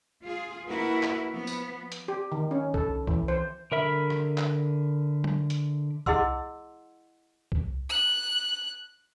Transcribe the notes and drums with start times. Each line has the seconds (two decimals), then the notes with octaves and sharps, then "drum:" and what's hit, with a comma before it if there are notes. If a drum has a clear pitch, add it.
0.22 F4 G#4
0.67 A#3 E4 F#4 A#4 B4
1.03 drum: clap
1.30 F3 B3
1.47 drum: tambourine
1.92 drum: hi-hat
2.08 G4
2.32 D#3
2.51 C#4
2.74 A4, drum: kick C2
3.07 E3, drum: kick C2
3.28 C5
3.72 D3 A#4 E5 B5
4.10 drum: rim click
4.38 drum: clap
5.24 drum: tom F#3
5.50 drum: hi-hat
6.06 E4 G#4 D#5 F#5 C6 E6, drum: kick C2
7.52 drum: kick C2
7.89 F#6